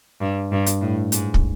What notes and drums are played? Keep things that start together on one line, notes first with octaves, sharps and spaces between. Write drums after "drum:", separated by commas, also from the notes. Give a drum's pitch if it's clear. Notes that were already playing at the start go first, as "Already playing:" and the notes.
G2
G2
drum: hi-hat
A2
G#2, drum: hi-hat
drum: kick